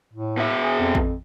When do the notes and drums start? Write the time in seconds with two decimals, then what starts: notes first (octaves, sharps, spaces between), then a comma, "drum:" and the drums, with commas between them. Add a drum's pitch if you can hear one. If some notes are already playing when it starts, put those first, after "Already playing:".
0.13 A2
0.37 B2 E5
0.62 G#4
0.79 F2
0.95 drum: kick